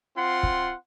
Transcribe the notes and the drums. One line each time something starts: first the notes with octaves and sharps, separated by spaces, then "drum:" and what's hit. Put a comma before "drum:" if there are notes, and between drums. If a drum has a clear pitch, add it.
C4 F4 F#5 C6
drum: kick